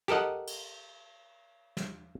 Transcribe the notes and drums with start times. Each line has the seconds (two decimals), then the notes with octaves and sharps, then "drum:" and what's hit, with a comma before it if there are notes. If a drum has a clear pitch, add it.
0.08 G4 A4 A#4 D#5 F#5, drum: snare
0.47 drum: cymbal
1.77 drum: snare